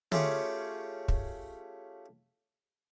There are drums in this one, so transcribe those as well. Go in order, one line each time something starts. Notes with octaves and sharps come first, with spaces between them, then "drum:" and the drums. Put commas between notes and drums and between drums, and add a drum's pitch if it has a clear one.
A3 C#4 F4 G4 G#4, drum: tom
drum: kick